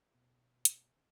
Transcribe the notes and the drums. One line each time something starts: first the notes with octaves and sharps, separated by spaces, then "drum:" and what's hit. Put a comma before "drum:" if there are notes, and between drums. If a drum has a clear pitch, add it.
B2
drum: hi-hat